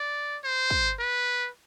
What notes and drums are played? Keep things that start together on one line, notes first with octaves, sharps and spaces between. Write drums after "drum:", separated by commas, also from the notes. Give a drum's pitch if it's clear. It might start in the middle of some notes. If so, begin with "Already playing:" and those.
Already playing: D5
C5
drum: kick
B4